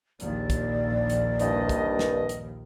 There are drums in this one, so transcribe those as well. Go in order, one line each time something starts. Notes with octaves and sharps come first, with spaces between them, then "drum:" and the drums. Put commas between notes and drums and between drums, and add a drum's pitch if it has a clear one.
A#1 D#2 D#3 D5, drum: hi-hat
drum: kick, hi-hat
drum: hi-hat
C2 G2 D#5, drum: hi-hat
drum: kick, hi-hat
drum: snare
drum: hi-hat